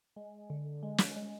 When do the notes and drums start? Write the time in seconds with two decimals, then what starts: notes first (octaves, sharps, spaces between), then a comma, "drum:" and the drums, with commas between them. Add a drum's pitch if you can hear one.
0.16 G#3
0.50 D3
0.83 G#3
0.98 drum: snare
1.16 G#3